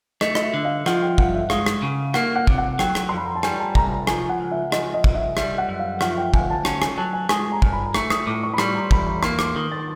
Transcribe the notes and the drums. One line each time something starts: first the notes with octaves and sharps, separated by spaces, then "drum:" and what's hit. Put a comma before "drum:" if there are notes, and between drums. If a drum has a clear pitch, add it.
A3 D#5, drum: rim click
D#5, drum: rim click
E5
D3
F5
F3 F#5, drum: rim click
G5
G2 F#5, drum: kick
E5
G#3 F5, drum: rim click
drum: rim click
C#3
A#3 F#5, drum: rim click
F#5
C3, drum: kick
F#5
F#3 G5, drum: rim click
drum: rim click
F2 C6
B5
A#5
A5
G3 G#5, drum: rim click
A5
C2 A#5, drum: kick
A#5
F3 G#5, drum: rim click
F#5
C#2
E5
F3 D#5, drum: rim click
D#5
C2, drum: kick
E5
G3 E5, drum: rim click
F#5
F#2
F5
F3 F#5, drum: rim click
G5
D2 G#5, drum: kick
A5
C#4 A5, drum: rim click
G#5, drum: rim click
F#3 A5
G#5
G#3 G#5, drum: rim click
A#5
G2, drum: kick
B5
A3 C#6, drum: rim click
D#6, drum: rim click
A2 D6
C#6
B5
G3 C6, drum: rim click
A#5
E2 B5, drum: kick
B5
A#3 C6, drum: rim click
D6, drum: rim click
D#3
A6